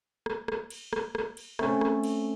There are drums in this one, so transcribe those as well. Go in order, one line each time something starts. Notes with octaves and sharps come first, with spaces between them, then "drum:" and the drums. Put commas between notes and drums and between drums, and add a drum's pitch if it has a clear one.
drum: rim click
drum: rim click
drum: cymbal
drum: rim click
drum: rim click
drum: cymbal
A3 C4 C#4, drum: rim click
drum: rim click
drum: cymbal